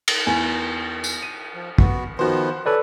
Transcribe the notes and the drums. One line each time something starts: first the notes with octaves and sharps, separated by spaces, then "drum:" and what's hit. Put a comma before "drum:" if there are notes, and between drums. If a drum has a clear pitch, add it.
drum: cymbal
E2 G#5
drum: tambourine
D#7
F3
B3 F#4, drum: kick
D#3 F3 B3 F#4 C5
E3 A4 B4 C#5 D5